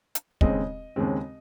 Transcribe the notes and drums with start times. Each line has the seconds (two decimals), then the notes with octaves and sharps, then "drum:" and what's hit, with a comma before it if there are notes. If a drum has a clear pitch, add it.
0.15 drum: hi-hat
0.41 D#2 C#3 G#3 C4 D#5, drum: kick
0.96 D#2 C#3 G#3 C4